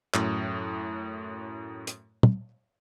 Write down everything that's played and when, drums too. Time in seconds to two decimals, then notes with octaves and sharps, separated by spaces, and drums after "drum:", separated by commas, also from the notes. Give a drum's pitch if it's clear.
0.14 F#2 A2, drum: clap
1.87 drum: hi-hat
2.23 drum: tom